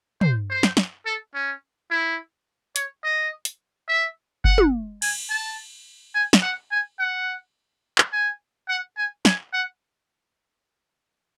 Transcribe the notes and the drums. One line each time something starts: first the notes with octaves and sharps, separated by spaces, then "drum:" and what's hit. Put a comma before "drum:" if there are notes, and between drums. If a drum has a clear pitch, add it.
C5, drum: tom
C5
drum: snare
drum: snare
A4
C#4
E4
C#5, drum: hi-hat
D#5
drum: hi-hat
E5
F#5, drum: kick F#1
drum: tom
G#5, drum: cymbal
A5
G#5
drum: snare
F#5
G#5
F#5
drum: clap
G#5
F#5
G#5
G#5, drum: snare
F#5